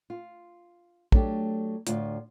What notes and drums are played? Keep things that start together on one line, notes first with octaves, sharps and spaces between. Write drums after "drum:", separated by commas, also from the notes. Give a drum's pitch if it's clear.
F4
F#3 A3 D4 G4, drum: kick
D2 A2 F4, drum: hi-hat